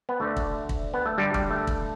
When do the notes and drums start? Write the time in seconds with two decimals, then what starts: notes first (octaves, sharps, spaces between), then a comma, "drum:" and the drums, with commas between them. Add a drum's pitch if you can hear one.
0.09 B3
0.20 D2 D3 A3
0.37 drum: kick
0.69 drum: kick
0.94 B3
1.06 A3
1.18 G2 D3 G3
1.34 G3, drum: kick
1.51 A3
1.67 drum: kick